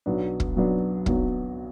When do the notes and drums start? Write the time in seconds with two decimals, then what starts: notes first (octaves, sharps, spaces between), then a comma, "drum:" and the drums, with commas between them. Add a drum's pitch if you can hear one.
0.06 B1 B2 F#3 B3 D4
0.40 drum: kick
0.56 B1 B2 F#3 B3 D4
1.06 B1 B2 F#3 B3 D4, drum: kick